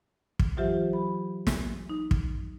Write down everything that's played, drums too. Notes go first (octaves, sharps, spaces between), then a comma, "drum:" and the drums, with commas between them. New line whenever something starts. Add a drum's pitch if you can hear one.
drum: kick
E3 F#3 F4 G4 C5 E5
B5
drum: snare
D#4
drum: kick